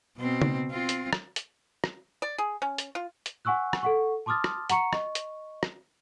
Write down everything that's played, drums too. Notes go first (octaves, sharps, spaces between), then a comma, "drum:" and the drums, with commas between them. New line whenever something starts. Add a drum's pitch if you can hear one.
B2 C4
drum: tom C#3
C4 F4
drum: hi-hat
drum: rim click
drum: hi-hat
drum: rim click
D5
G#4
C#4
drum: hi-hat
F4
drum: hi-hat
F#5 G#5 C#6 E6 F#6
drum: rim click
A4 F#5 C#6
A5 C6 D6 D#6 F6 A6
drum: rim click
F#5 A#5 C#6 C#7, drum: hi-hat
D#5 C#6, drum: rim click
drum: hi-hat
drum: rim click